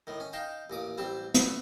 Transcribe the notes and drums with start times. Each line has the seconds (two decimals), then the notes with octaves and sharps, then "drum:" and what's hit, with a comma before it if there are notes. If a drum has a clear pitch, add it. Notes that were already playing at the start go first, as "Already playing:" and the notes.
0.07 A2 D#3
0.20 C#4
0.33 D#4 F5 G5 A5
0.70 A1 A#2 D6 D#6
0.98 A1 G3 C4 A5
1.34 A3 B3, drum: hi-hat